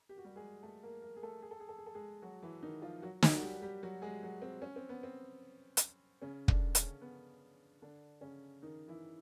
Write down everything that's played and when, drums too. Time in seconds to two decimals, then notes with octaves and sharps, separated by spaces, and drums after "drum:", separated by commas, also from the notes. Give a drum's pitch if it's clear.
0.09 G4
0.18 F#4
0.24 G3 G4
0.36 G#3 G#4
0.63 A3 A4
0.83 A#3 A#4
1.02 A#3 A#4
1.16 G#4
1.23 A3 A4
1.42 G#4
1.51 A4
1.60 G#4
1.69 A4
1.78 G#4
1.86 A4
1.95 G#3 G#4
2.22 F#3 F#4
2.43 E3 E4
2.63 D#3 D#4
2.82 F3 F4
3.02 F#3 F#4
3.22 F#3 F#4, drum: snare
3.36 F#4
3.42 G3 G4
3.62 G3 G4
3.83 F#3 F#4
4.02 G#3 G#4
4.23 F#3 F#4
4.42 C4
4.62 C#4
4.76 C4
4.89 B3
5.03 C4
5.77 drum: hi-hat
6.22 C#3 C#4
6.48 D3 D4, drum: kick
6.75 C#3 C#4, drum: hi-hat
7.02 B3
7.82 D3 D4
8.21 C#3 C#4
8.62 D#3 D#4
8.88 E3 E4